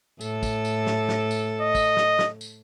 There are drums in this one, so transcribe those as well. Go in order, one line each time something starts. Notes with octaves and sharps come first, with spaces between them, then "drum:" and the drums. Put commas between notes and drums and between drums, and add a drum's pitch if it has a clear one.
A2 A4, drum: tambourine
drum: kick, tambourine
drum: tambourine
drum: snare
drum: snare
drum: tambourine
D#5
drum: kick, tambourine
drum: snare
drum: snare
drum: tambourine